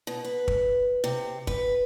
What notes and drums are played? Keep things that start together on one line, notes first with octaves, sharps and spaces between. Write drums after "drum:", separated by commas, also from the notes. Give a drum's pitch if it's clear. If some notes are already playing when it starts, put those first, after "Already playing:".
B2
B4
drum: kick
C3
B4, drum: kick